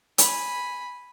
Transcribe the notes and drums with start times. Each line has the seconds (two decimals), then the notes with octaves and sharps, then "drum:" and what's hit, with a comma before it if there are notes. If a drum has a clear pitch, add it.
0.18 G#5 B5, drum: hi-hat